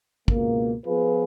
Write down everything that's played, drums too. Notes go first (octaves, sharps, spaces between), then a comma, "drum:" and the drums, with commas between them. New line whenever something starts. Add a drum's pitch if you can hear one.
C#2 B2 A#3, drum: kick
F3 B3 F4 G#4 B4